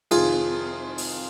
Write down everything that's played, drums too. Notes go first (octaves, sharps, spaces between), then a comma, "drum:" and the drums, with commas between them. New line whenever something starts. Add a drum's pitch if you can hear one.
F2 C3 D#3 F4 G#4, drum: cymbal
drum: open hi-hat